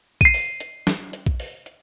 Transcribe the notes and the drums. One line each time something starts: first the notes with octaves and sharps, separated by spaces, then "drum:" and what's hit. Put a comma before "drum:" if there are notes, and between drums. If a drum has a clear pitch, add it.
C7 D#7, drum: kick A#1
drum: open hi-hat
drum: hi-hat
drum: snare
drum: hi-hat
drum: kick A#1
drum: open hi-hat
drum: hi-hat